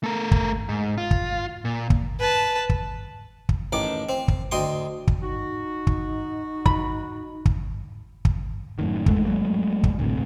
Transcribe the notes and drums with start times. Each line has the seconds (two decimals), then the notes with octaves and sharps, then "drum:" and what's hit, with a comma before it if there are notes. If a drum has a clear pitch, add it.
0.04 A3 A#4
0.31 drum: kick
0.69 G#2
0.98 F4
1.11 drum: kick
1.65 A#2
1.90 drum: kick
2.20 B4 A5
2.69 drum: kick
3.49 drum: kick
3.73 A1 D#3 D6
4.09 C4
4.28 drum: kick
4.52 D2 D#5 G5 C6
5.07 drum: kick
5.22 D#4 F#4
5.87 drum: kick
6.66 B5, drum: kick
7.46 drum: kick
8.25 drum: kick
8.79 F#2 A2 D#3
9.06 G#1 E2 G#3 A3, drum: kick
9.26 F#3 G#3 A3
9.84 drum: kick
9.99 D2 A2 C3